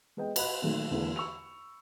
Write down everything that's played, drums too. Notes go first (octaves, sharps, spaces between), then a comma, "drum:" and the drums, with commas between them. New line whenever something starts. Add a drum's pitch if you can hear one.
G#3 B3 B4 D#5 G5
B4 D#5 F#5 B5 F#6, drum: cymbal
A#2 D#3 F#3 A3
E2 D3 E3 G#3 A#3
B5 C#6 E6 F7